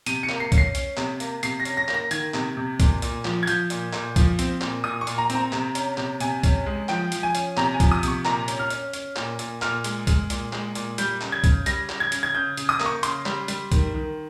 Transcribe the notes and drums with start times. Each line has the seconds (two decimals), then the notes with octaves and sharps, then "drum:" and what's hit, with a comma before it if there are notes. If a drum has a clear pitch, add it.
0.06 C3 D#7, drum: hi-hat
0.23 C#7
0.29 A#3, drum: clap
0.40 C7
0.52 C#4, drum: kick C2, hi-hat
0.58 C7
0.75 C#4, drum: hi-hat
0.97 C3, drum: clap
1.20 A#3, drum: hi-hat
1.43 C3 C7, drum: hi-hat
1.60 A#6
1.65 C#4, drum: hi-hat
1.77 A#6
1.88 A#3, drum: clap
1.94 A#6
2.11 D#3 G#6, drum: hi-hat
2.34 C3, drum: clap
2.57 C3
2.80 A#2, drum: kick C2, hi-hat
3.02 A#2, drum: hi-hat
3.25 F3, drum: clap
3.43 G#6
3.47 F3 G6, drum: hi-hat
3.70 A#2, drum: hi-hat
3.93 A#2, drum: clap
4.16 F3, drum: kick C2, hi-hat
4.39 C4, drum: hi-hat
4.61 A#2, drum: clap
4.84 A#2 D#6
5.01 C#6
5.07 A#2, drum: hi-hat
5.18 A#5
5.30 C4, drum: hi-hat
5.35 A#5
5.52 C3, drum: clap
5.75 C#4, drum: hi-hat
5.98 C3, drum: clap
6.20 C3 G#5, drum: hi-hat
6.44 C#4, drum: kick C2, hi-hat
6.66 G#3
6.89 F3 G5, drum: clap
7.12 F3, drum: hi-hat
7.23 G#5
7.35 C#4, drum: hi-hat
7.57 C3 A#5, drum: clap
7.74 G#5
7.80 F3, drum: kick C2, hi-hat
7.92 D#6
8.03 C3 C#6, drum: hi-hat
8.25 A#2 A#5, drum: clap
8.48 C#4, drum: hi-hat
8.59 F6
8.70 C#4, drum: hi-hat
8.93 C#4, drum: hi-hat
9.16 A#2, drum: clap
9.39 A#2, drum: hi-hat
9.62 A#2 F6, drum: clap
9.84 G#3, drum: hi-hat
10.07 G#3, drum: kick C2, hi-hat
10.30 A#2, drum: hi-hat
10.53 G#3, drum: clap
10.75 A#2, drum: hi-hat
10.98 G3 G6, drum: hi-hat
11.21 C#3, drum: clap
11.32 G#6
11.44 C#3, drum: kick C2, hi-hat
11.66 G3 A#6, drum: hi-hat
11.89 C#3, drum: clap
12.00 G#6
12.12 C#3, drum: hi-hat
12.23 G#6
12.34 C#3 G6
12.57 C#3, drum: hi-hat
12.69 D#6
12.80 A#3, drum: clap
12.86 C#6
13.03 C#3 C6, drum: hi-hat
13.26 G3, drum: clap
13.48 G3, drum: hi-hat
13.72 D#3, drum: kick C2, hi-hat
13.94 D#3